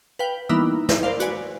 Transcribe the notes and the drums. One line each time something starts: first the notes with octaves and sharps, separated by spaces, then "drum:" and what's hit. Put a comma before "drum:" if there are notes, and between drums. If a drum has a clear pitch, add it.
B4 F5 G5
E3 G3 A#3 B3 D#4 E4
drum: snare
A#4 C5 D5 F5
F#4 B4 D5 G#5, drum: hi-hat